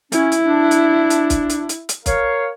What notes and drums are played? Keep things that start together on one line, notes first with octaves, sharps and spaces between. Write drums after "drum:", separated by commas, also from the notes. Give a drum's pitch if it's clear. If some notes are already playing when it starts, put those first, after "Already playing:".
C#4 E4, drum: hi-hat
drum: hi-hat
D4
drum: hi-hat
drum: hi-hat
drum: kick, hi-hat
drum: hi-hat
drum: hi-hat
drum: hi-hat
A#4 C#5 F5, drum: kick, hi-hat